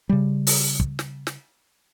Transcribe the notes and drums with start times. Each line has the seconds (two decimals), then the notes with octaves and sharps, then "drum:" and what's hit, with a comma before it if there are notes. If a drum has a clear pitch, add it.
0.09 C#3 G3
0.47 drum: open hi-hat
0.80 drum: kick
0.99 drum: snare
1.27 drum: snare